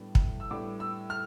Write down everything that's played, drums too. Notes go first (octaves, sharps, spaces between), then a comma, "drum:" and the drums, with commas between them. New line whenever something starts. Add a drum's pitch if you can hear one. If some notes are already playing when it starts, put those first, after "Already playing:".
Already playing: A2 G3 B3 D4
drum: kick
E6
A2 G3 B3 D4 D6
E6
F6